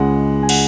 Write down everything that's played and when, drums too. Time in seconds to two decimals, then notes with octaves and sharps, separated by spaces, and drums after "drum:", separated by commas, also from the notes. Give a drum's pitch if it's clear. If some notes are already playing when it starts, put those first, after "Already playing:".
Already playing: C#2 C#3 G#3 F#5
0.43 G#5
0.49 F#5, drum: cymbal